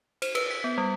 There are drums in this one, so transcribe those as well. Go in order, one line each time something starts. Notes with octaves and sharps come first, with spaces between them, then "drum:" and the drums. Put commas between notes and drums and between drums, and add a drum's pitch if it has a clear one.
C5, drum: cymbal
B4, drum: cymbal
B6
B3
G3